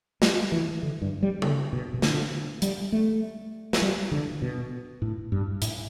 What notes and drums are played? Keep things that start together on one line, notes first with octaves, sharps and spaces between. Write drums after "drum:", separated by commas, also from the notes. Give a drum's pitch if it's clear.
G3, drum: snare
E3
D3
G2
G3
D3, drum: tom C#3
B2
B2
D3, drum: snare
G3, drum: hi-hat
A3
A3, drum: snare
G3
D3
B2
A2
G2
A2, drum: hi-hat